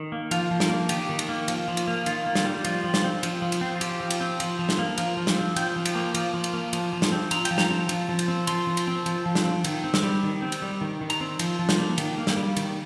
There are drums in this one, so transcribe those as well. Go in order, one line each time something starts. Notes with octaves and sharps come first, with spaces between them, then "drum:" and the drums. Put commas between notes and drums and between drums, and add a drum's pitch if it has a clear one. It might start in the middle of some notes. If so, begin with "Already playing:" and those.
Already playing: D#3
A#3
F3 F5, drum: cymbal
F3
A#4, drum: snare
A#3
D#3 G4, drum: cymbal
D#3
drum: cymbal
A#3
F3, drum: cymbal
F3
drum: cymbal
A#3
D#3 F4, drum: cymbal
A#3
F4, drum: snare
G3
F3 F4, drum: cymbal
F3
drum: snare
C4
F3, drum: cymbal
F3
drum: cymbal
C4
F4
F3 G4, drum: cymbal
F3
drum: cymbal
C4
F3, drum: cymbal
F3
drum: snare
A#3
F3 A#4, drum: cymbal
F3
drum: snare
C4
F3 G5, drum: cymbal
F3
drum: cymbal
A#3
F3, drum: cymbal
F3
drum: cymbal
A#3
F3, drum: cymbal
F3
drum: snare
C4
F3 A#5, drum: cymbal
G5, drum: cymbal
F3
A#5, drum: snare
C4
F3, drum: cymbal
F3
drum: cymbal
C4
F3 C6, drum: cymbal
F3
drum: cymbal
C4
F3, drum: cymbal
F3
drum: snare
C4
D#3, drum: cymbal
C4
drum: snare
G3
D#3
C4
drum: cymbal
G3
D#3
D#3
A#5, drum: cymbal
C4
F3, drum: cymbal
F3
drum: snare
A#3
D#3, drum: cymbal
A#3
drum: snare
G3
D#3, drum: cymbal